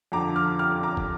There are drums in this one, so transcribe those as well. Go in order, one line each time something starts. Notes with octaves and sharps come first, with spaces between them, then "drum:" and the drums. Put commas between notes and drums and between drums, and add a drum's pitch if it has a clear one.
F2 D3 F3 A#5 D6
D6 F6
D6 F6
A#5 D6
drum: kick